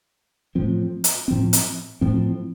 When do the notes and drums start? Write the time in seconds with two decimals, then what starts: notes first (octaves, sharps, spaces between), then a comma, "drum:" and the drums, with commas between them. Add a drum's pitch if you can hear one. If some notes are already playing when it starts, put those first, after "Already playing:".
0.55 A2 F3 C4
1.04 drum: hi-hat
1.28 A2 F3 C4
1.53 drum: hi-hat
2.01 A2 F3 C4